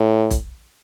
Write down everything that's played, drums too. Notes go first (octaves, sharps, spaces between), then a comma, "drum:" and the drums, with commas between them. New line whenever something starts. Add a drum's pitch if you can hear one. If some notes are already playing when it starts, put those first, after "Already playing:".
Already playing: A2
drum: kick, hi-hat